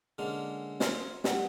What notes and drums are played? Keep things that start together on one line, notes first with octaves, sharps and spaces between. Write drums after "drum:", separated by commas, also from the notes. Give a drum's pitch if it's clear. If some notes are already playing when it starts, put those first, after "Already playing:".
D3 G#3 A#3 C#4
C5 C#5 F5, drum: snare
G3 F#4, drum: snare